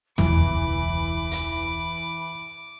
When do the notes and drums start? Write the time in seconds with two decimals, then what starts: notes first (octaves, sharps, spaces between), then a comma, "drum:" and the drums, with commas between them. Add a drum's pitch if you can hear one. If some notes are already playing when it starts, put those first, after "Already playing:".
0.18 E1 C#2 E3 B5 D6, drum: tom
1.31 drum: hi-hat